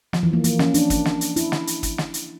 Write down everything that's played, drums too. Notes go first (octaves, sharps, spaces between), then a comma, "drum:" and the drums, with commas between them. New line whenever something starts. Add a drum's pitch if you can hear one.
F3, drum: snare
E3
A#3
A#3, drum: hi-hat
C#4, drum: snare
D4, drum: hi-hat
drum: kick, hi-hat
drum: snare
drum: hi-hat
E4, drum: hi-hat
drum: snare
drum: hi-hat
drum: kick, hi-hat
drum: snare
drum: hi-hat